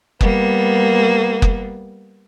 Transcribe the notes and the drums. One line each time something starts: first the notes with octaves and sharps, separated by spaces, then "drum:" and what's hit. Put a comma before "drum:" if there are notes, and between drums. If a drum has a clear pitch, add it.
G3 A#3 B3, drum: kick F#1
drum: kick F#1